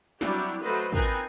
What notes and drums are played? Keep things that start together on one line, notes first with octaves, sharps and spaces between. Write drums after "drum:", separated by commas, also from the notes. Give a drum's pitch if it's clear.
F#3 G3 C4 D4 E4 G4, drum: snare
F#3 A3 B4 C5 D#5
C4 D#4 F4 A#4 B4 G#5, drum: kick